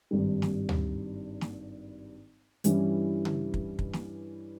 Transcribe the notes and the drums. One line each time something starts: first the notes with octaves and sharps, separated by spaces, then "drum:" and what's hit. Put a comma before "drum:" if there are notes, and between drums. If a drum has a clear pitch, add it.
G#1 G2 G3
drum: snare
drum: tom D2
drum: snare
G2 E3 G3 C#4 E4, drum: hi-hat
drum: tom C#3
drum: kick
drum: kick
drum: snare